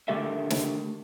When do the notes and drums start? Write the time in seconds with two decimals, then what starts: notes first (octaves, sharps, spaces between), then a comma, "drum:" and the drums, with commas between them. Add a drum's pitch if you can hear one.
0.08 D3 D#3 A3 G4 A#4 E5
0.50 drum: snare